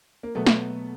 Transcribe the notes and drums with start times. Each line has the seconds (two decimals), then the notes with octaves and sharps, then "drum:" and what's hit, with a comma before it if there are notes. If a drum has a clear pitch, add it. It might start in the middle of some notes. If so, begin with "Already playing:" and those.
0.23 A#3
0.35 B2 F#3 A3 B3
0.46 drum: snare